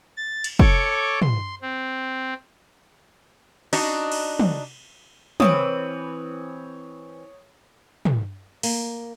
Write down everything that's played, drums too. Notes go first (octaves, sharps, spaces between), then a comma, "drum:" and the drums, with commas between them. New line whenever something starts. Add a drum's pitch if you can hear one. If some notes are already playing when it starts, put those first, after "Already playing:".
A6
drum: cymbal
A4 C#5 C#6 D6, drum: kick
C6, drum: tom
C4
D4 D#4 F#4, drum: open hi-hat
drum: cymbal
drum: tom
E3 C4 B4 C#5 D#6, drum: tom
drum: tom
A#3, drum: open hi-hat